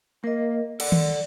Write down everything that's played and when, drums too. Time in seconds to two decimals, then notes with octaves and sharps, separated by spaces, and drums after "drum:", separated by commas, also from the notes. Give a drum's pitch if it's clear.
0.24 A#3 A#4 D#5
0.80 A4 D5 F#5, drum: cymbal
0.92 drum: tom D#3